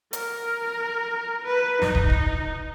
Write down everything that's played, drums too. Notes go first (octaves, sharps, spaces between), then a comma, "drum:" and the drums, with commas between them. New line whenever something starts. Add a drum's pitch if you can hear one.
A#4, drum: hi-hat
B4
D#4, drum: snare
drum: kick
drum: kick